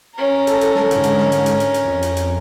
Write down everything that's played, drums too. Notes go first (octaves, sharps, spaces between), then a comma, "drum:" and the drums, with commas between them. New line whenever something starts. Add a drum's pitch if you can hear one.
C#4 A#4
A4, drum: hi-hat
drum: hi-hat
drum: snare
G#2 D3, drum: hi-hat
drum: hi-hat
drum: snare
drum: hi-hat
drum: hi-hat
drum: hi-hat
drum: hi-hat
F2
drum: hi-hat
drum: hi-hat